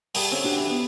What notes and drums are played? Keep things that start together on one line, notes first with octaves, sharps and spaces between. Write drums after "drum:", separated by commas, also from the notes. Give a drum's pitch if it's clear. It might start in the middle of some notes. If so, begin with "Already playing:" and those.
G3 G#4 A4, drum: open hi-hat
D3 C4 C#4
D4 F#4 G4
E3
B3